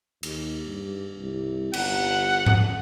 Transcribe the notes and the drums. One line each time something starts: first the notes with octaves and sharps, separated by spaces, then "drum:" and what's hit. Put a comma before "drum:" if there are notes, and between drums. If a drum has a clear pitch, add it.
D#2, drum: cymbal
G2
C2
G1 F#5, drum: cymbal
drum: tom G#2